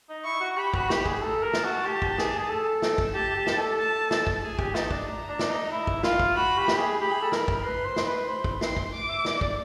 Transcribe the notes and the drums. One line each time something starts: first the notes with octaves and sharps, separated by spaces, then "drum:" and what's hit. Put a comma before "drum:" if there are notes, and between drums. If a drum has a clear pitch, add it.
D#4
E4 C#6
F#4
G4 B5
F#4, drum: kick
G4, drum: snare
G#4, drum: kick
A4 A#5
A#4
A5, drum: snare
F#4
G4
drum: kick
G#4, drum: snare
G#4
A4
drum: snare
drum: kick
G4 A5
G4
drum: snare
A4
A5
drum: snare
drum: kick
G#4 G#5
G4, drum: kick
D#4 A5, drum: snare
D4, drum: kick
A#5
D4
drum: snare
D#4
E4
drum: kick
F4, drum: snare
drum: kick
F#4 B5
G4
drum: snare
G#4
G4 B5
G#4
A4
A#4, drum: snare
drum: kick
B4 C6
C5
drum: snare
B4
C5 B5
drum: kick
C6, drum: snare
drum: kick
D6
E5
D5, drum: snare
D5, drum: kick